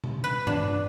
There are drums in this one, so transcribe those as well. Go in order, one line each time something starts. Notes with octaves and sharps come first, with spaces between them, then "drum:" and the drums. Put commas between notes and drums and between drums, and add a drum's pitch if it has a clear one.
drum: tom B2
B4
D4, drum: tom G2